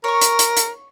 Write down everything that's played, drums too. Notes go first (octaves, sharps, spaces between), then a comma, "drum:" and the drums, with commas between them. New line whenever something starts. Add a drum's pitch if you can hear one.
A#4 C#5 C#6
drum: hi-hat
drum: hi-hat
drum: hi-hat